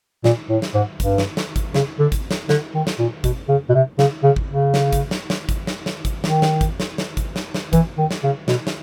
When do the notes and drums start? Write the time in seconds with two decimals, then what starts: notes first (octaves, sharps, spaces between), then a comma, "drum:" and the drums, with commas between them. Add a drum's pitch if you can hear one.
0.24 A#2, drum: snare
0.50 A2
0.62 drum: snare
0.74 G#2
1.00 G2, drum: kick G#1, hi-hat
1.18 drum: snare
1.37 drum: snare
1.56 drum: kick G#1, hi-hat
1.74 C#3, drum: snare
2.00 D3
2.12 drum: kick G#1, hi-hat
2.31 drum: snare
2.49 D3, drum: snare
2.74 D#3
2.87 drum: snare
2.99 A#2
3.24 B2, drum: kick G#1, hi-hat
3.49 C#3
3.69 B2
3.74 C3
3.99 C#3, drum: snare
4.24 C#3
4.36 drum: kick G#1
4.49 C#3
4.74 drum: snare
4.93 drum: kick G#1, hi-hat
5.11 drum: snare
5.30 drum: snare
5.49 drum: kick G#1, hi-hat
5.67 drum: snare
5.86 drum: snare
6.05 drum: kick G#1, hi-hat
6.24 D#3, drum: snare
6.42 drum: snare
6.61 drum: kick G#1, hi-hat
6.80 drum: snare
6.98 drum: snare
7.17 drum: kick G#1, hi-hat
7.36 drum: snare
7.54 drum: snare
7.73 E3, drum: kick G#1, hi-hat
7.98 D#3
8.11 drum: snare
8.23 C#3
8.48 B2, drum: snare
8.67 drum: snare